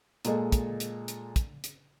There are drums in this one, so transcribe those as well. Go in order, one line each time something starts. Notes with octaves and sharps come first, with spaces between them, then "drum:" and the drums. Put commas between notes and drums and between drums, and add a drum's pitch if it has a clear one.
A#2 G#3 A4 D#5, drum: hi-hat
drum: kick, hi-hat
drum: hi-hat
drum: hi-hat
drum: kick, hi-hat
drum: hi-hat